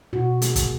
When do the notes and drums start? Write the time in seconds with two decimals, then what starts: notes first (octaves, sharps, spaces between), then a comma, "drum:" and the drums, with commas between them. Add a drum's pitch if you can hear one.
0.13 B2 F#4
0.42 A#3 G#4, drum: hi-hat
0.56 drum: kick, hi-hat